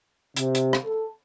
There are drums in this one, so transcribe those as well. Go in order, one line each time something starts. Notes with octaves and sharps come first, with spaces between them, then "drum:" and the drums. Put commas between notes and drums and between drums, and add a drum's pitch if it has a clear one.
C3, drum: hi-hat
drum: hi-hat
drum: rim click
A4